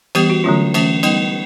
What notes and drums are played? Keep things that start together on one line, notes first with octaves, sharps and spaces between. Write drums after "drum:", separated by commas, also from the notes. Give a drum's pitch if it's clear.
E3 G3 B3 G4, drum: cymbal
F#4
D3 F#3 A3 C#4 F4
E3 A3 C#4, drum: cymbal
G3 B3 D#4, drum: cymbal